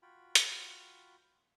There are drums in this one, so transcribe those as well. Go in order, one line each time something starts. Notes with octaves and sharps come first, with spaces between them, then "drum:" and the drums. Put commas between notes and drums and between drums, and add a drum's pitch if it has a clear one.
F4 F#4 G5 B5
drum: hi-hat